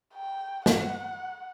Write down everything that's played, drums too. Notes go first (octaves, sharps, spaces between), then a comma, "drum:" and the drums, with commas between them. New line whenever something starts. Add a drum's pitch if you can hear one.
G5
F#5, drum: snare